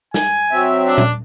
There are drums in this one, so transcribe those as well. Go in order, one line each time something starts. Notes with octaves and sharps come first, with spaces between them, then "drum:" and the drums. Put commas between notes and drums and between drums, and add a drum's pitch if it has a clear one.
G#5, drum: snare
F#3 C4 E5
D4
drum: tom A#2